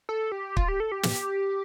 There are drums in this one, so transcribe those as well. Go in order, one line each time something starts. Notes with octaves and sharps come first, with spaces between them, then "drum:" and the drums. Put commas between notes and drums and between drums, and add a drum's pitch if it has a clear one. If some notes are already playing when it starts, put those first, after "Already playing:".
A4
G4
F4, drum: kick
G4
A4
G4
drum: snare